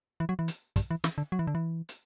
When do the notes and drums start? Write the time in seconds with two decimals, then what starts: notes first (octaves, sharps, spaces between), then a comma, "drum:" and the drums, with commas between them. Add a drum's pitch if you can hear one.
0.20 E3
0.29 F#3
0.39 E3
0.48 drum: hi-hat
0.76 G2, drum: kick, hi-hat
0.91 E3
1.04 E3, drum: snare
1.18 D3
1.32 F#3
1.39 E3
1.47 D3
1.55 E3
1.89 drum: hi-hat